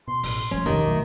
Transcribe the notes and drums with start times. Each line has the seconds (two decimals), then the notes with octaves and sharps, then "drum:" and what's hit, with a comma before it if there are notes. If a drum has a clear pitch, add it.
0.08 B2 C6
0.23 A1, drum: open hi-hat
0.51 D#1 F3 A3 C#4
0.66 B1 F2 A#2 D#3 G4
0.87 F#3 A3